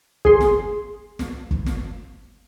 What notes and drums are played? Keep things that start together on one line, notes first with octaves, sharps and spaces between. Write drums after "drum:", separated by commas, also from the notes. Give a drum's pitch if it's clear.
G#4 C6, drum: kick G1
drum: snare
drum: snare
drum: kick G1
drum: snare